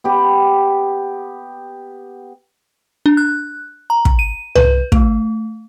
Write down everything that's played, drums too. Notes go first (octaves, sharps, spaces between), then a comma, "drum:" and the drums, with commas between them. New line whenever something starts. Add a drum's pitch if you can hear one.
B3 G4
D4
F#6
A#5
drum: kick
D#7
B4, drum: tom C2
A3, drum: kick